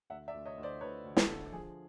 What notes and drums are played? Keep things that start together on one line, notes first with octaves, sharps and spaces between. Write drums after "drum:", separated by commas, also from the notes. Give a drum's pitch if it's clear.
D2 E5 F#5
D5 E5
D2
C#5 D#5
D2
C5 D5
D2 B4 C#5
D2
A4, drum: snare
D3
F3 G#4